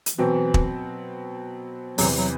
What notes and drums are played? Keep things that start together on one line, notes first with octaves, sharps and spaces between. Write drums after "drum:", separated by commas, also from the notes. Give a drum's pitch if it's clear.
drum: hi-hat
B2 E3 F#3 C4
drum: kick
E2 C3 E3 F#3, drum: open hi-hat
F#3